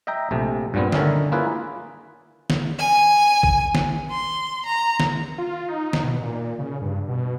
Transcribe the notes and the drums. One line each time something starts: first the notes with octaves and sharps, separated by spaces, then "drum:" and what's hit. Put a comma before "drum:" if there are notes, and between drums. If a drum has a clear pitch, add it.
D#5 E5 G5 A#5
A#1 C3 A3
G2 A#2 G3 B3 C4
D3 D#3 C#4 A#4 D#5 E5, drum: snare
A#3 C#4 E4 F4 G#4 B4
drum: snare
G#5
drum: kick
drum: snare
C6
A#5
drum: snare
F4
D#4
drum: snare
B2
A#2
C#3
G2
B2